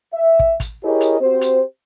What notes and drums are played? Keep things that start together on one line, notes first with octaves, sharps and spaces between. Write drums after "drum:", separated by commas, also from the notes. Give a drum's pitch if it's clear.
E5
drum: kick
drum: kick, hi-hat
E4 G4 G#4 A#4 C#5 D#5
drum: hi-hat
C4 F#4 G4 C5
drum: hi-hat